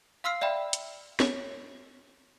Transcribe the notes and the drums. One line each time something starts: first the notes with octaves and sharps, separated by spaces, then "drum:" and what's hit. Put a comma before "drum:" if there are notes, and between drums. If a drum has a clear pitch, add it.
F5 C6 E6 F6 C7
D5 E5 G5 B5
drum: hi-hat
C#5, drum: snare